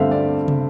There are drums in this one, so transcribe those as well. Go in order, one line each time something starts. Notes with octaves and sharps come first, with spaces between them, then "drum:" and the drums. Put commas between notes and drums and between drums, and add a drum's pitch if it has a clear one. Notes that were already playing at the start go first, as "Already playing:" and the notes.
Already playing: G2 D3 A3 C4 E5 F5
D5
drum: tom